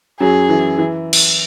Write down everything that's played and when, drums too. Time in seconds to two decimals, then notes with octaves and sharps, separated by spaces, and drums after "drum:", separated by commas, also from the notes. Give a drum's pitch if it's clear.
0.20 F#2 F#3 G#4
0.49 E3
0.78 E3
1.13 drum: cymbal